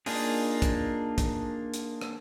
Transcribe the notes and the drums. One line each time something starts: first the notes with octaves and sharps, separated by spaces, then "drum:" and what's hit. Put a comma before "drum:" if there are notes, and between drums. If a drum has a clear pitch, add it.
A#3 D4 D#4 F4 G#4, drum: open hi-hat
drum: kick, hi-hat
drum: kick, hi-hat
drum: hi-hat
drum: rim click